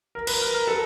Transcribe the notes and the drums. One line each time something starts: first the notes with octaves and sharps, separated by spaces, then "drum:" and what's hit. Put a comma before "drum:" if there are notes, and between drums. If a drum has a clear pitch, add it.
A#4
B4, drum: cymbal
A#4
A#4
A4